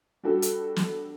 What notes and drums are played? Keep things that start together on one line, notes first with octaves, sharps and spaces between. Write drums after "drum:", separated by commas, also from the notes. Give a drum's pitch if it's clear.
G3 D4 F#4 G4 A4
drum: hi-hat
drum: snare